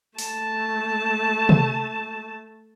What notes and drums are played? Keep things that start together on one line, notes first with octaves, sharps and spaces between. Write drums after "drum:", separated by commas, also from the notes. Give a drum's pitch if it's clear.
A3 A5, drum: open hi-hat
drum: tom C3